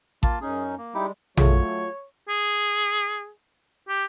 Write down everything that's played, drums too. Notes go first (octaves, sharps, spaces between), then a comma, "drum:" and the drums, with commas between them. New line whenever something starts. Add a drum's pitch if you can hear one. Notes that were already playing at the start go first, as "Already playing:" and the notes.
A#3 F4 A5, drum: kick A1
F#2 C#4 D#4 G#4
A#3
G3 G#3 D#4 E4 G4
F#3 A3 F4 G#4 C#5, drum: tom A#1
G#4
G4